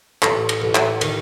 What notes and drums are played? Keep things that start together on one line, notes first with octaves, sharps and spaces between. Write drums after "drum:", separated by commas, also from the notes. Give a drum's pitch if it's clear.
A1, drum: clap
drum: cymbal
A1
drum: clap
D#3, drum: cymbal